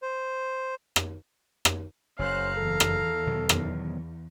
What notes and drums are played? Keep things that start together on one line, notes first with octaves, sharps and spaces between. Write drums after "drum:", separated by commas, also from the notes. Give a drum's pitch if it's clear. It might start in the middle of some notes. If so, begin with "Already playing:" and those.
C5
drum: rim click
drum: rim click
F#1 C#4 C5 F5 A#5 F#6
E2 A4
drum: rim click
B2 D#3 F#3
drum: rim click